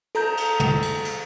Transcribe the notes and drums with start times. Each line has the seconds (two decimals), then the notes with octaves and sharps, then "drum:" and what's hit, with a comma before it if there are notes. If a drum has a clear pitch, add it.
0.15 A4 A#5 G6, drum: cymbal
0.37 drum: cymbal
0.60 drum: tom
0.82 drum: cymbal
1.05 drum: cymbal